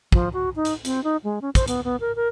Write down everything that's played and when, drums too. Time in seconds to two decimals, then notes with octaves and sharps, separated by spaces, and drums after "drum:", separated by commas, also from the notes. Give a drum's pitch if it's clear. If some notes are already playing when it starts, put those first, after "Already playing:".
0.12 F3, drum: kick
0.33 F#4
0.56 D#4
0.65 drum: hi-hat
0.85 C4, drum: hi-hat
1.04 D#4
1.24 G#3
1.42 C#4
1.55 C5, drum: kick, hi-hat
1.68 B3, drum: hi-hat
1.84 B3
2.00 A#4
2.16 A#4